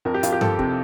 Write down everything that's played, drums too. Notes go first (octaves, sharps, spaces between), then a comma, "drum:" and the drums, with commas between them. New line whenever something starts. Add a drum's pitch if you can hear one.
F2 A#4
G4
F2 F4, drum: hi-hat
G4
F3 A4, drum: tom G2
C3, drum: kick